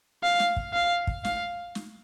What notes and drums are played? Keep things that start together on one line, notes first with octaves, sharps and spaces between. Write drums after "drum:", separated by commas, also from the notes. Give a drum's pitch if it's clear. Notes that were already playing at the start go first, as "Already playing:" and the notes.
F5
drum: snare
drum: kick
F5
drum: kick
F5, drum: snare
drum: snare